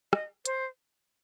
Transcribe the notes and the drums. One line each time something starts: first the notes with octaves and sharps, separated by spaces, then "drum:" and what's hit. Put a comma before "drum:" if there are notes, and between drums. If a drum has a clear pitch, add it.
D#5, drum: rim click
C5, drum: hi-hat